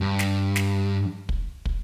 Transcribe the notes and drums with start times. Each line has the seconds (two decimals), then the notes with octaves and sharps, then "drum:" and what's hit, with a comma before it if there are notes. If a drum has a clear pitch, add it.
0.01 G2
0.19 drum: snare
0.56 drum: snare
1.29 drum: kick
1.65 drum: kick